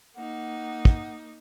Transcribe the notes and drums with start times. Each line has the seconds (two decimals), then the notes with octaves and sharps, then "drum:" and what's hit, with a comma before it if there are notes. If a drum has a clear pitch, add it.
0.15 A#3 D#4 F#5
0.85 drum: kick